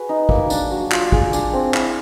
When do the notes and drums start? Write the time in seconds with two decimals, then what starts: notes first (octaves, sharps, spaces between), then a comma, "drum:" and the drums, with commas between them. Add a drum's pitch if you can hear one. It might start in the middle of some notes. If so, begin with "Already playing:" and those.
Already playing: F#4 G#4 B4
0.09 D#4
0.29 A#3, drum: kick
0.50 D4, drum: tambourine
0.71 F#3
0.92 F4, drum: clap
1.12 G#4, drum: kick
1.33 D4, drum: tambourine
1.53 C4
1.74 E4, drum: clap